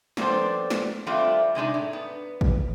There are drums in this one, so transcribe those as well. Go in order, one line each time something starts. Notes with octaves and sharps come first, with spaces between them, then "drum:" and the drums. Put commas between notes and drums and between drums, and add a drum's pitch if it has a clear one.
F3 G3 B3 D4 A4 C5, drum: snare
drum: snare
E3 G3 A3 C4 D4 F4
C3 G#3 D4 D#4
A2
B3
drum: kick